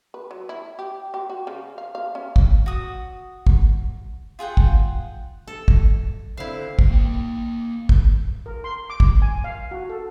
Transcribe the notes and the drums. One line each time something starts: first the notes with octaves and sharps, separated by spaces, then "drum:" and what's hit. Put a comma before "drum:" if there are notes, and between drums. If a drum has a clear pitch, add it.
B4
F#3
E4
G4
G4
F#4
C#3
F5
F5
C#4
drum: kick
F#4 D#6
drum: kick
F4 G#4 F#5 G5
drum: kick
A4
drum: kick
D3 C4 E4 F5
drum: kick
A#3 G5
drum: kick
A#4
C6
D6
drum: kick
G#5
F5
F#4
A4